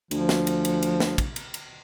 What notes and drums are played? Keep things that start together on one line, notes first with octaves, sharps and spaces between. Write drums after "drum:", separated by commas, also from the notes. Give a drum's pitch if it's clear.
D2 F3, drum: cymbal
drum: snare
drum: cymbal
drum: cymbal
drum: cymbal
drum: snare
drum: kick, cymbal
drum: cymbal
drum: cymbal